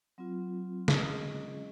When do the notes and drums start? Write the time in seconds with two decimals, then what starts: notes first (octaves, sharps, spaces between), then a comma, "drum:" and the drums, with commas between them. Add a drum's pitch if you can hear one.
0.18 F#3 C4 F4
0.88 G#3 C#4 G#4 D#5, drum: snare